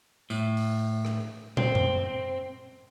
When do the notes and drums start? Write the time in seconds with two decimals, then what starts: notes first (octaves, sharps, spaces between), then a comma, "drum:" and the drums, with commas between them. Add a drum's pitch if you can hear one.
0.30 A2, drum: tambourine
0.57 drum: open hi-hat
1.05 drum: rim click
1.57 C4, drum: tom
1.75 drum: tom F#2